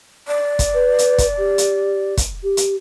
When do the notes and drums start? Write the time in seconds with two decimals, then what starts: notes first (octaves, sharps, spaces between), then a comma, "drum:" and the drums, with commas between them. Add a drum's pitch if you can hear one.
0.28 D5
0.59 drum: kick, hi-hat
0.74 B4
0.99 drum: hi-hat
1.18 drum: kick, hi-hat
1.38 G4
1.58 drum: hi-hat
2.17 drum: kick, hi-hat
2.44 G4
2.57 drum: hi-hat